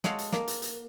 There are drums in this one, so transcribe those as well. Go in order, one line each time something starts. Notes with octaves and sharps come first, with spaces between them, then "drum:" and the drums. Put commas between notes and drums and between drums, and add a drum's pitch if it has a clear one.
G#3 F#4 A4 C#5 F5 C6, drum: snare
drum: hi-hat
A#3, drum: snare
drum: hi-hat
drum: hi-hat